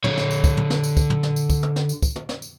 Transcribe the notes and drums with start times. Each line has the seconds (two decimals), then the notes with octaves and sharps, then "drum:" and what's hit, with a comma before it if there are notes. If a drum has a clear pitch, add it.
0.04 D3 C#5, drum: tom
0.17 drum: snare
0.31 drum: tambourine
0.44 drum: kick, tambourine
0.57 drum: tom
0.70 drum: snare
0.83 drum: tambourine
0.97 drum: kick, tambourine
1.10 drum: tom
1.23 drum: snare
1.36 drum: tambourine
1.50 drum: kick, tambourine
1.63 drum: tom
1.76 drum: snare
1.89 drum: tambourine
2.02 drum: kick, tambourine
2.16 drum: tom
2.29 drum: snare
2.42 drum: tambourine